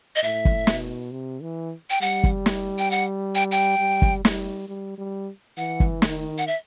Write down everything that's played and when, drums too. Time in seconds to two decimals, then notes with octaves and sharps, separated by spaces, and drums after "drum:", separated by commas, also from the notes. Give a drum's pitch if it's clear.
0.16 D#5
0.23 A2 E5
0.45 drum: kick
0.67 B2, drum: snare
1.12 C3
1.42 E3
1.90 G5
2.01 G3 F#5
2.24 drum: kick
2.46 drum: snare
2.78 G5
2.91 F#5
3.35 G5
3.52 G5
3.79 G3
4.02 drum: kick
4.25 G3, drum: snare
4.68 G3
4.98 G3
5.57 E3 F#5
5.80 drum: kick
6.02 D#3, drum: snare
6.38 F#5
6.47 E5